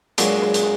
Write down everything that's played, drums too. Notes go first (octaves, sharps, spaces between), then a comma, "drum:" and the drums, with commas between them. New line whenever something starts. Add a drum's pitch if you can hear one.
A#2 F#3 G#3 D4, drum: hi-hat
G#3
drum: hi-hat